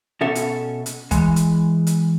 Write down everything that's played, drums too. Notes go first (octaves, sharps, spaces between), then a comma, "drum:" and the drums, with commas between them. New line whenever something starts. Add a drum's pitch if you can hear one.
B2 C#4 A4 E5
drum: hi-hat
drum: hi-hat
E3 G#3, drum: kick, hi-hat
drum: hi-hat
drum: hi-hat